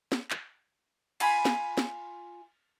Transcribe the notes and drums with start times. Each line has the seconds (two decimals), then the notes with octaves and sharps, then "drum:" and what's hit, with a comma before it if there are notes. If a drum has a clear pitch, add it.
0.12 drum: snare
0.31 drum: clap
1.20 F4 G#5 B5, drum: cymbal
1.45 drum: snare
1.78 drum: snare